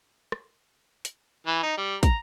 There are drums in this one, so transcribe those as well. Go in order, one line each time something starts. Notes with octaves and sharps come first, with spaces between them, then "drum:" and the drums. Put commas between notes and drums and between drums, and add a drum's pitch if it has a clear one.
drum: rim click
drum: hi-hat
E3
D#4
G3
A#5, drum: kick, hi-hat